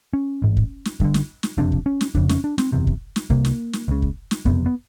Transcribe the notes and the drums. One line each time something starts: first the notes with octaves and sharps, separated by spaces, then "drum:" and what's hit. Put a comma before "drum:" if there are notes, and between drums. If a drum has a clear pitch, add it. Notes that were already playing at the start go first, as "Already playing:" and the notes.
C#4
A1 G#2
drum: kick
drum: snare
G1 G2 D3, drum: kick
drum: snare
drum: snare
F#1 F2 C3 D4
drum: kick
C#4
drum: snare
F1 F2 C#3 D4, drum: kick
C#4, drum: snare
D4
C4, drum: snare
F#1 E2 C3
drum: kick
drum: snare
C2 C3 A#3, drum: kick
drum: snare
drum: snare
C#2 C#3
drum: kick
drum: snare
F#1 F2 C3 B3, drum: kick
B3